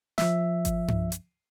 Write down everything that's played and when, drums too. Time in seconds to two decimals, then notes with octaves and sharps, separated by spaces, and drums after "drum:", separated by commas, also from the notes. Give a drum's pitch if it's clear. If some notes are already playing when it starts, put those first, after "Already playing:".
0.18 F3 E5, drum: snare
0.65 drum: kick G#1, hi-hat
0.88 drum: tom G2
1.12 drum: hi-hat